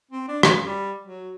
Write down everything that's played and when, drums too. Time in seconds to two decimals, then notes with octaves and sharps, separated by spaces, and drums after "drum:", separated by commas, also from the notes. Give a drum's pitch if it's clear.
0.11 C4
0.28 D4
0.43 F#2, drum: rim click
0.64 G3
1.05 F#3